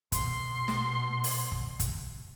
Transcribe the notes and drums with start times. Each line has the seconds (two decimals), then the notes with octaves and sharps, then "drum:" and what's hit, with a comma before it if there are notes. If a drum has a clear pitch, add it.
0.12 B2 C6, drum: kick, hi-hat
0.68 drum: snare
1.24 drum: open hi-hat
1.52 drum: kick
1.80 drum: kick, hi-hat